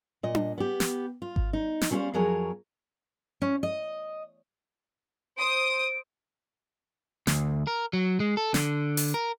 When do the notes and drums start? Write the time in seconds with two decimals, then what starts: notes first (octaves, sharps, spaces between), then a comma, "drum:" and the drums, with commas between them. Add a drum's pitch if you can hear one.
0.23 A#2 D#5
0.35 drum: tom D4
0.58 B3 G4
0.80 drum: snare
1.22 F4
1.36 drum: kick G#1
1.53 D#4
1.81 drum: snare
1.91 G3 C#4 G#4 B4 C5 F5
2.14 F2 F3 F#3 G#4 A#4 C#5
3.42 C#4
3.63 D#5
5.37 C5 D#6 D7
7.27 D2, drum: snare
7.67 A#4
7.93 F#3
8.20 G#3
8.37 A4
8.54 D3, drum: snare
8.97 drum: open hi-hat
9.14 A#4